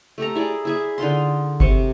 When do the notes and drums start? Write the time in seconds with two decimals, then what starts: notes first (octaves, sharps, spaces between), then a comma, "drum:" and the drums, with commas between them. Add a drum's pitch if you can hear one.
0.18 A3 G4 A4 A#5
0.35 E4 G#4 D5
0.65 E4 G#4 E5
0.98 D3 D#4 F4 C6
1.60 C3 C#6, drum: kick G1